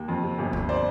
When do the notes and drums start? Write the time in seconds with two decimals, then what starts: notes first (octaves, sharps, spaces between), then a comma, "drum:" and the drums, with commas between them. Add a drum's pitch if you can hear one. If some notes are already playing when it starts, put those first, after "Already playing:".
Already playing: D#2
0.08 F2
0.23 C3
0.39 G1
0.53 G1, drum: kick
0.69 C5 D5